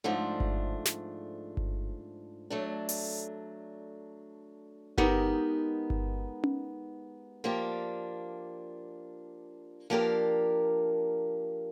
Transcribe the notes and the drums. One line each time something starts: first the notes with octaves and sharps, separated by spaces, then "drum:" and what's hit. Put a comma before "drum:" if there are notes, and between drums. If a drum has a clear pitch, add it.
G#2 F3 A3 D4
drum: kick G1
drum: snare
drum: kick G1
F#3 A3 D4
drum: open hi-hat
G#3 B3 D#4 G4 A#4, drum: kick G1
drum: kick G1
drum: tom C#4
F3 A#3 D4 G4
F3 A#3 D4 G4 A#4